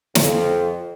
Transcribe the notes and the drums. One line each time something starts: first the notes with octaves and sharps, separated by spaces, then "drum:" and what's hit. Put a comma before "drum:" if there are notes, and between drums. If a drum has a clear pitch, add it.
F2, drum: snare